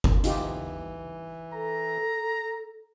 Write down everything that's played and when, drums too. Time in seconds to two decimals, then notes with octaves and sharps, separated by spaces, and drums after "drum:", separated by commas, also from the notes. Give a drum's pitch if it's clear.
0.04 drum: kick G1
0.24 E3 D#4 F4 G4, drum: hi-hat
1.53 A4 A#5